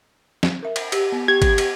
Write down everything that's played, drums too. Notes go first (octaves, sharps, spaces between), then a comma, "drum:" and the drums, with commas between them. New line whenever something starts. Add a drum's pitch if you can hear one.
drum: snare
A#4 E5
drum: cymbal
G4, drum: cymbal
B3
G4 G#6
drum: kick G#1, cymbal
drum: cymbal